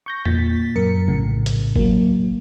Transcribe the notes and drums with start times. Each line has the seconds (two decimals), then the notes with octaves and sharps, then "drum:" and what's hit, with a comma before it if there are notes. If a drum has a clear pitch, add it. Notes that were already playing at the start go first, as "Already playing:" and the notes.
0.06 C#6 G6 A#6
0.25 A#2 A6 B6, drum: tom E2
0.75 F#2 A#4 C#7
1.08 A#1 A2 C#3
1.46 drum: hi-hat
1.76 F#3 A#3, drum: kick